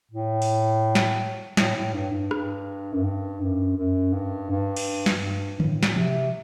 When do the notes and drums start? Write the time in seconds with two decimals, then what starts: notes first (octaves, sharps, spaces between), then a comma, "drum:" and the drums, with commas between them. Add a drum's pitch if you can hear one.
0.11 A2
0.42 drum: open hi-hat
0.95 drum: snare
1.57 A2, drum: snare
1.76 A2
1.94 G2
2.13 G2
2.31 G2, drum: rim click
2.93 F#2
3.04 G2
3.41 F#2
3.77 F#2
4.13 G2
4.51 G2
4.77 drum: cymbal
5.06 drum: snare
5.23 G2
5.60 A2, drum: tom D3
5.83 drum: snare
5.96 C3, drum: tom E3